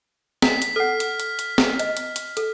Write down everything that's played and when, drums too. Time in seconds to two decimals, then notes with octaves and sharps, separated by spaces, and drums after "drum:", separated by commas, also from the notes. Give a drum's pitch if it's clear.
0.42 B6, drum: snare
0.62 drum: hi-hat
0.76 A4 F#5 F6
1.00 drum: hi-hat
1.19 drum: hi-hat
1.39 drum: hi-hat
1.58 drum: snare
1.79 D#5, drum: hi-hat
1.97 drum: hi-hat
2.16 drum: hi-hat
2.37 A4, drum: hi-hat